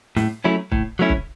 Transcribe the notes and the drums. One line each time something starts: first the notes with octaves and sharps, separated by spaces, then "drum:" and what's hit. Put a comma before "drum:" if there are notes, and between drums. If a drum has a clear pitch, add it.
A2, drum: snare
F#3 A3 C#4 E4
A2, drum: kick
F#3 A3 C#4 E4
drum: kick